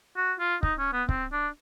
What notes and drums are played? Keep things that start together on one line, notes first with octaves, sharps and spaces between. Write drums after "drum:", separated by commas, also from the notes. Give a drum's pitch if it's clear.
F#4
F4
D#4, drum: kick C#1
C#4
B3
C4, drum: kick C#1
D4